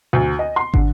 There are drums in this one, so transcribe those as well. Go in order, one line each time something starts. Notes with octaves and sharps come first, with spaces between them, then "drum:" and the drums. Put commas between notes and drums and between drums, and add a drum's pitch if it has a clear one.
D2
D#5
C6
D3, drum: kick